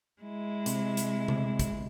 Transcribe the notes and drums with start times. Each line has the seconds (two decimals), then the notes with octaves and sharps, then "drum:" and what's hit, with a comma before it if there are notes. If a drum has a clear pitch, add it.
0.22 G#3 E4
0.66 C3, drum: hi-hat
0.97 drum: hi-hat
1.28 drum: tom C3
1.59 drum: kick, hi-hat